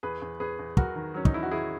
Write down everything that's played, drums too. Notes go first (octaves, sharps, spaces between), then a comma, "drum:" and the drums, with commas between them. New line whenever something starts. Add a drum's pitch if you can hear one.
E2 G#4 B4
E2
E2 G#4 B4
E2
F#3 F#4 A#4, drum: kick
D#3
F#3 C#4
D#4, drum: kick
E2 E4
F#4
D#3 E4 G#4